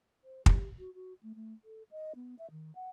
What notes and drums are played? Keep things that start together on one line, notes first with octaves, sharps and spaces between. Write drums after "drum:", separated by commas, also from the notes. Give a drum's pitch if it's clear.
C5
G4, drum: kick
F#4
F#4
A3
A3
A4
D#5
B3
E5
D#3
F#5